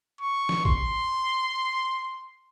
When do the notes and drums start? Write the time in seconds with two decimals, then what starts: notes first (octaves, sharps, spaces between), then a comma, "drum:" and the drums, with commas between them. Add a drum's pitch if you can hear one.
0.21 C#6
0.49 drum: snare
0.65 C6, drum: kick